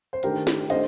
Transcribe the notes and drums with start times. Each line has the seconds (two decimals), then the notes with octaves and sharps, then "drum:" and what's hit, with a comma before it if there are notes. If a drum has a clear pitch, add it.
0.13 C5
0.23 D#3 A3 D4 G4 A#4, drum: hi-hat
0.47 drum: snare
0.70 A3 D4 C5 D#5, drum: hi-hat